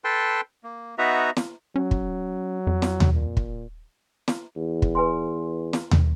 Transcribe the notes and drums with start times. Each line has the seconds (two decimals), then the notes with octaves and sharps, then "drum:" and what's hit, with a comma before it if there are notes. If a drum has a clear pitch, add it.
0.04 A4 B4 G5 A5 C6
0.64 A#3
0.98 B3 D#4 F#4 B4 E5 A#5
1.37 drum: snare
1.76 F#3 C#4
1.91 drum: kick
2.67 F2
2.82 drum: snare
3.00 drum: tom D#2
3.13 A#2
3.37 drum: kick
4.28 drum: snare
4.56 E2
4.82 drum: kick
4.95 B4 G#5 C6
5.73 drum: snare
5.91 drum: tom D#2